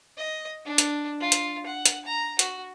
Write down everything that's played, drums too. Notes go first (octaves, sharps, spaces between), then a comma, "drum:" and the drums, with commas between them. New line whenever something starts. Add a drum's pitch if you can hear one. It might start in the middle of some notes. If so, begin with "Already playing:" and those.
D#5
D4
drum: hi-hat
F4
drum: hi-hat
F#5
drum: hi-hat
A#5
F#4, drum: hi-hat